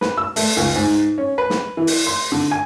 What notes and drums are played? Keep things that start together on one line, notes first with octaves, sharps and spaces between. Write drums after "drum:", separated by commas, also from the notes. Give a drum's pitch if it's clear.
B4, drum: snare
E6
A3, drum: open hi-hat
C#2
G#2
C#4
B4
drum: snare
E3
drum: open hi-hat
C6
D3
G#5